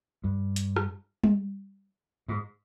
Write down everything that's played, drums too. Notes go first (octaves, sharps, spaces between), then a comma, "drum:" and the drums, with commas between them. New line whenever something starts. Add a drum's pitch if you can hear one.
G2
drum: hi-hat
drum: rim click
drum: tom G3
G#2